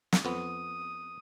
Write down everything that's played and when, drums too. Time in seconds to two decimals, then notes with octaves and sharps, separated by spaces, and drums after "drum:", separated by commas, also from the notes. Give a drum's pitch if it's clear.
0.13 drum: snare
0.25 F2 B3 D#6